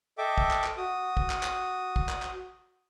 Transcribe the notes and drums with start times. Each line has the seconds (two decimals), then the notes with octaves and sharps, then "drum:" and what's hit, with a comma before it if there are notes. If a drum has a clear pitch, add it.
0.18 A4 D#5 E5 G5 D6
0.38 drum: kick
0.51 drum: clap
0.64 drum: clap
0.77 F#4 D#6
1.17 drum: kick
1.30 drum: clap
1.43 drum: clap
1.96 drum: kick
2.09 drum: clap
2.22 drum: clap